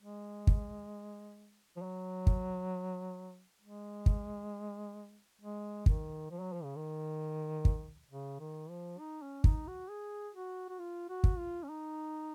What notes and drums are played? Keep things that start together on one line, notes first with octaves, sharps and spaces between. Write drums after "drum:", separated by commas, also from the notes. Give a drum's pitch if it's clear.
G#3
drum: kick
F3
F#3
drum: kick
G#3
drum: kick
G#3
D#3, drum: kick
F3
F#3
F3
C#3
D#3
drum: kick
C#3
D#3
F3
D#4
C#4
D#4, drum: kick
F#4
G#4
F#4
F#4
F4
F#4
drum: kick
F4
C#4
D#4